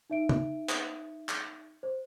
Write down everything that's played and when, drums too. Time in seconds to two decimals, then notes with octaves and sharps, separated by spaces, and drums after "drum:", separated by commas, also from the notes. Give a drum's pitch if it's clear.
0.10 D#4 E5 D7
0.29 drum: tom
0.69 drum: clap
1.29 drum: clap
1.83 C5